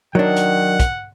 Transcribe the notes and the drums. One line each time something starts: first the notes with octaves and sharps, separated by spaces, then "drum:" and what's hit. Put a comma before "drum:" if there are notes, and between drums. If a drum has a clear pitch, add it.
D#3 F#3 D4 F#5
drum: hi-hat
drum: kick, hi-hat